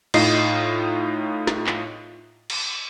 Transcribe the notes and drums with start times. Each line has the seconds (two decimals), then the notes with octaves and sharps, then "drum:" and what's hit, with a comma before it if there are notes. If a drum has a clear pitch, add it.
0.14 A2 D#4 F4 D#5 C7, drum: cymbal
1.47 drum: snare
1.67 drum: clap
2.50 drum: cymbal